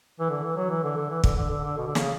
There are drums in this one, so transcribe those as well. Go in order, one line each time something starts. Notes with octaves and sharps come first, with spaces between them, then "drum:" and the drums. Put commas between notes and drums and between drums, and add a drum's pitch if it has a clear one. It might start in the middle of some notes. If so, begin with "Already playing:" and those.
E3
D3
E3
F#3
E3
D3
D3
E3
D3, drum: kick
D3
D3
D3
B2
D3
C#3, drum: snare